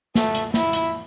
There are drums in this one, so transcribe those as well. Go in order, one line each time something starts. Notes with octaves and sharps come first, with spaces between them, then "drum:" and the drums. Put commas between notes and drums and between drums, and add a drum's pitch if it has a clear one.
A3, drum: snare
drum: hi-hat
E4, drum: snare
drum: hi-hat